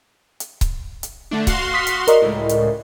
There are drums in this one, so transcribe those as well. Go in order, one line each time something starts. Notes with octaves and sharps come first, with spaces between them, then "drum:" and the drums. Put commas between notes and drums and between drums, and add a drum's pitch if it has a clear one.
drum: hi-hat
drum: kick C#1, hi-hat
drum: hi-hat
D3 A3 D4
F#4 F5 C6, drum: kick C#1, hi-hat
D#6 B6
drum: hi-hat
A#4 D5 D#5, drum: hi-hat
C#2 A2
drum: hi-hat